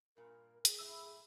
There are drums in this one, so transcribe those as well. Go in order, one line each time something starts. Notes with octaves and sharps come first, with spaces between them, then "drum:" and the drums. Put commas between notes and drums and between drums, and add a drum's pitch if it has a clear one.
G2 A#2 A#4
G#4, drum: hi-hat
F#2 A2 E4 E6